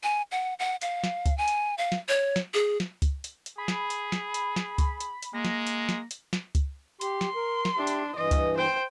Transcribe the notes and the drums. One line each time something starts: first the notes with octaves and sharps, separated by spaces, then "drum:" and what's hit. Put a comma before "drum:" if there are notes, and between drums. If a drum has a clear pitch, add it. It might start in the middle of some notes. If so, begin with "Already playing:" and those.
G#5
F#5
F#5
F5, drum: hi-hat
drum: snare
drum: kick C#2, hi-hat
G#5
drum: hi-hat
F5
drum: snare
C#5
drum: snare
G#4
drum: snare
drum: kick C#2, hi-hat
drum: hi-hat
drum: hi-hat
G#4 B5
drum: snare
drum: hi-hat
drum: snare
drum: hi-hat
drum: snare
drum: kick C#2, hi-hat
drum: hi-hat
drum: hi-hat
G#3 A#3 A#6
drum: snare
drum: hi-hat
drum: snare
drum: hi-hat
drum: snare
drum: kick C#2, hi-hat
G4 C6, drum: hi-hat
drum: snare
A#4
drum: snare
D4 G4 E5
drum: hi-hat
G2 E3 D#5
drum: kick C#2, hi-hat
C5 G5